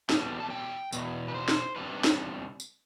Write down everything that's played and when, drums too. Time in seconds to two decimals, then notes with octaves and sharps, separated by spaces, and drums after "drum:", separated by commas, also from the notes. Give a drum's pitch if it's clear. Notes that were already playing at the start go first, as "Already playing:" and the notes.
0.09 E2 B2 G3 D4, drum: snare
0.40 A5
0.50 G5
0.93 E2 B2, drum: tambourine
1.28 B4
1.34 C5
1.48 drum: snare
1.76 E2 C3 G3 D4 B4
2.04 drum: snare
2.60 drum: tambourine